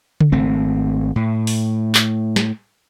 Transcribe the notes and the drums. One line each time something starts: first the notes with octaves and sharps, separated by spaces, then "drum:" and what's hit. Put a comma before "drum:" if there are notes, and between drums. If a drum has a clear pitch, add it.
drum: tom C#3
G#1 A3 C4
A2
drum: open hi-hat
drum: clap
drum: snare